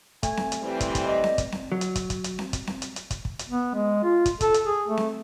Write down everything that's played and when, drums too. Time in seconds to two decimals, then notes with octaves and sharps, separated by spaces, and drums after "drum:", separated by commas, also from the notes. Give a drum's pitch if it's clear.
0.23 A3 G#5, drum: kick, hi-hat
0.37 drum: snare C4
0.52 drum: hi-hat
0.63 E3 G3 C4 E4
0.80 drum: kick, hi-hat
0.95 drum: kick, hi-hat
1.06 D5 D#5
1.24 drum: snare C4
1.38 drum: kick, hi-hat
1.52 drum: snare C4
1.72 F#3
1.81 drum: hi-hat
1.95 drum: kick, hi-hat
2.10 drum: kick, hi-hat
2.24 drum: hi-hat
2.39 drum: snare C4
2.53 drum: kick, hi-hat
2.67 drum: snare C4
2.82 drum: hi-hat
2.96 drum: hi-hat
3.11 drum: kick, hi-hat
3.25 drum: kick
3.39 drum: hi-hat
3.49 B3
3.75 G#3
4.03 F4
4.26 drum: kick, hi-hat
4.41 A4, drum: kick, hi-hat
4.54 drum: hi-hat
4.65 G#4
4.88 A3
4.97 drum: snare C4